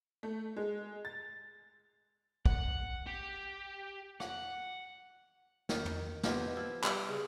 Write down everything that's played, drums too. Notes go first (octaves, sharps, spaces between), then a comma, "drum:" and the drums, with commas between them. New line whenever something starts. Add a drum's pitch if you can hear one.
A3
G#3
A6
F#5, drum: kick
G4
F#5, drum: rim click
D#3, drum: snare
drum: tom
B3 E4 F4 G4, drum: snare
F3 E4
G3, drum: clap
C#3